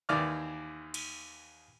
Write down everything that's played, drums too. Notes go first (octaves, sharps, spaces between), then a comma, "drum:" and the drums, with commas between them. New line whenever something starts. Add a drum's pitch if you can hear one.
D#2 D#3 E3 D5 D6 F6
drum: cymbal